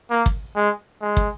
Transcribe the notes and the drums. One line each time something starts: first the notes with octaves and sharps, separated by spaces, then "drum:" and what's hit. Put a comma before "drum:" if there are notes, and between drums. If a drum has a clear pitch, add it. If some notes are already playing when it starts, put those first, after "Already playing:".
A#3
drum: kick
G#3
G#3
drum: kick